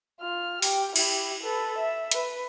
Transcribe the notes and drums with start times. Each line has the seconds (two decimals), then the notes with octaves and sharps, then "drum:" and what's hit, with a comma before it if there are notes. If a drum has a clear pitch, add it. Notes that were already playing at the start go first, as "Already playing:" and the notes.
0.20 F4 F6
0.62 G4 G5, drum: open hi-hat
0.96 E4 G4, drum: cymbal
1.43 A4 B4
1.78 E5
2.11 B4, drum: hi-hat